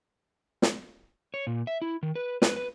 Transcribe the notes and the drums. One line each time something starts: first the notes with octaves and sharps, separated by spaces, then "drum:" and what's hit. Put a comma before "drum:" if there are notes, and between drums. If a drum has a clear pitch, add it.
drum: snare
C#5
A#2
E5
E4
D#3
B4
B4, drum: snare
B4